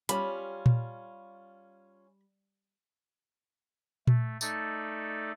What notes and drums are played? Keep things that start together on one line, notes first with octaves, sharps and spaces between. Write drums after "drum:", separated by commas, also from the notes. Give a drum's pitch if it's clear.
G3 C#4 F4 B5, drum: hi-hat
drum: tom A#2
A3, drum: tom A#2
A3 D#4 A4 D5, drum: tambourine